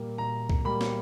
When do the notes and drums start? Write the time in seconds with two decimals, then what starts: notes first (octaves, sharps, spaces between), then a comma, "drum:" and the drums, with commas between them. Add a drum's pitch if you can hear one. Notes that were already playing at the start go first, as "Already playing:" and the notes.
Already playing: A#2 G3 A#3
0.18 A#2 A#5
0.50 drum: kick
0.65 G3 A#3 B5
0.81 drum: snare